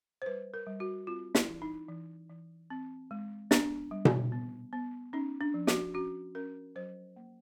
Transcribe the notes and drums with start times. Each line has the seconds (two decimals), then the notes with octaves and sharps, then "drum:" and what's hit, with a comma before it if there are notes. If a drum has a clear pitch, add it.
0.22 C5
0.26 G3 B4
0.54 A#4
0.66 G3
0.80 F#4
1.07 C4 F4
1.35 E4, drum: snare
1.48 E3
1.62 D#4
1.89 E3
2.30 E3
2.70 C4
3.11 G#3
3.51 B3 D4, drum: snare
3.91 G3
4.05 drum: tom B2
4.32 B3
4.73 B3
5.13 C#4 D#4
5.41 D4
5.54 F3
5.67 F#4, drum: snare
5.94 C#4 F#4
6.35 C#4 A#4
6.76 F#3 C5
7.16 A#3